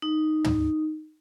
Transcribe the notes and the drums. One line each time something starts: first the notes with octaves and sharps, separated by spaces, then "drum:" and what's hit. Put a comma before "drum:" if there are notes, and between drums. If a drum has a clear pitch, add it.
D#4
drum: tom